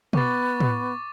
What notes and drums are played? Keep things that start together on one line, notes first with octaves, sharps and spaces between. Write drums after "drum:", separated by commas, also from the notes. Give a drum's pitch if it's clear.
B3 C#6 D6 A6, drum: tom B2
drum: tom A2